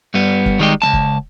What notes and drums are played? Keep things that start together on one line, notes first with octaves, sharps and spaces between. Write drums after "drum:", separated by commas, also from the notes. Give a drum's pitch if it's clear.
G2 G3 B3
drum: kick
D#3 G3 G#3 D#4 G4
C#2 G#3 A5
drum: kick